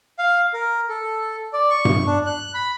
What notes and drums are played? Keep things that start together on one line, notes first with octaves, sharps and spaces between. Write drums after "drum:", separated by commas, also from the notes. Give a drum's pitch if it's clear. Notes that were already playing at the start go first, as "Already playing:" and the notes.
F5
A#4
A4
D5
C#6
drum: tom G2
D4
F#6
B5